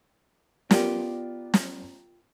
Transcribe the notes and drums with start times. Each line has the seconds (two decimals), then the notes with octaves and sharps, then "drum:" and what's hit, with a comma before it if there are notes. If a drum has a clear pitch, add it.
0.71 B3 F4 G4 A#4 D5, drum: snare
1.54 drum: snare